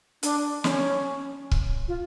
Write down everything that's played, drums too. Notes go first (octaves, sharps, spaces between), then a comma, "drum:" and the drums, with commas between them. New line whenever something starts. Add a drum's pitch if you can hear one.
D4, drum: hi-hat
C#4, drum: snare
drum: kick
F4